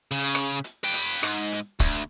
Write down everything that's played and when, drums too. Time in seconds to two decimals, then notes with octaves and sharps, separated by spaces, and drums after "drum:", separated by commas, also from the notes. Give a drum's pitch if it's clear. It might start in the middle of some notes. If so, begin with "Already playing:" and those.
0.11 C#3
0.35 drum: rim click
0.64 drum: hi-hat
0.84 B4 G5
0.93 drum: hi-hat
1.23 G#2, drum: rim click
1.52 drum: hi-hat
1.80 D2, drum: kick